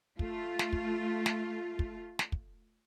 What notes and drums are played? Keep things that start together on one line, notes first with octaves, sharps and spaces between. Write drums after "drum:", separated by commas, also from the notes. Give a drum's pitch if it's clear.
A3 F4, drum: kick
drum: snare
drum: kick
drum: snare
drum: kick
drum: snare
drum: kick